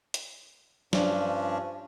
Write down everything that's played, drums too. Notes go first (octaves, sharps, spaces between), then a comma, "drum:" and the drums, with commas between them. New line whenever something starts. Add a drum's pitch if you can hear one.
drum: hi-hat
G2 F3 C#4 D4, drum: snare